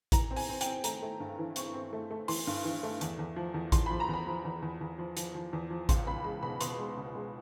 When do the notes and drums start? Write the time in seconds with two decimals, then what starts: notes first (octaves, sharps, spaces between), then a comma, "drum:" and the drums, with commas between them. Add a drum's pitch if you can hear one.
0.12 E3 A#5, drum: kick A1, hi-hat
0.31 C4
0.36 G#5, drum: open hi-hat
0.49 C4
0.61 G5, drum: hi-hat
0.66 C4
0.84 A3 A#5, drum: hi-hat
1.02 A3
1.20 G2
1.39 E3
1.56 C4 C#6, drum: hi-hat
1.74 C4
1.93 A3
2.11 A3
2.28 E3 C6, drum: open hi-hat
2.47 G2
2.65 E3
2.83 A3
3.01 E2, drum: hi-hat
3.19 E2
3.36 F3
3.54 E2
3.72 E2 C6, drum: kick A1, hi-hat
3.86 F3 B5
4.00 A#5
4.09 E2 B5
4.26 F3
4.45 E2
4.62 E2
4.81 E2
4.98 F3
5.17 F3, drum: hi-hat
5.35 F3
5.53 E2
5.70 F3
5.89 C#2 C6, drum: kick A1, hi-hat
6.07 C#2 B5
6.24 G#3 B5
6.43 B2 B5
6.61 B2 C6, drum: hi-hat
6.79 G#3
6.97 C#2
7.15 G#3